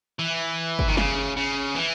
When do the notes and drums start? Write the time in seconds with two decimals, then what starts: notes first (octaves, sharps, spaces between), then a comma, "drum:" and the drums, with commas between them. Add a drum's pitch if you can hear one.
0.19 E3
0.79 drum: kick
0.89 D#3
0.97 C#3, drum: snare
1.37 C#3
1.75 E3